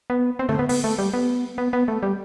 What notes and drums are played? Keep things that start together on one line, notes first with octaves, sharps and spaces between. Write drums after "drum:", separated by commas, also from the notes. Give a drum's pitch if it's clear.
B3
C4
A3, drum: tom D3
B3
B3, drum: open hi-hat
A3
G3
B3
B3
B3
A3
G3